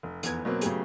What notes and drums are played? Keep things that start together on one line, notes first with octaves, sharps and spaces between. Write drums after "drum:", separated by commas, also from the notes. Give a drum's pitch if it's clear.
F1
F1 E2 B3 G#6, drum: hi-hat
B2 F#3 A#3 C4
C#3 F#3 A3 B3 G4 G#4, drum: hi-hat